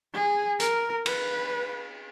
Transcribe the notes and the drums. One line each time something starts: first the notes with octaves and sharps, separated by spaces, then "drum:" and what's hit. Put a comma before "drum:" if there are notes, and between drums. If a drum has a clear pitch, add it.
G#4
A#4, drum: hi-hat
B4, drum: cymbal